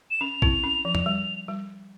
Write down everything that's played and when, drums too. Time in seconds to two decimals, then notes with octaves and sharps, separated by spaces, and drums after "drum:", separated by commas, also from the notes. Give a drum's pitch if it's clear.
0.11 E7
0.21 C#4 F7
0.42 C4 E4, drum: kick
0.64 C#4
0.85 F3
0.95 drum: tom E2
1.06 G3
1.48 G3